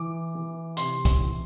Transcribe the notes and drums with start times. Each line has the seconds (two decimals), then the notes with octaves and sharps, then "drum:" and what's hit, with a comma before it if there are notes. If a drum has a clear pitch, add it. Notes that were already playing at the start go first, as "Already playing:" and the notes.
Already playing: E3 D6
0.35 E3
0.77 C3 C6, drum: hi-hat
1.05 drum: kick, hi-hat
1.20 E3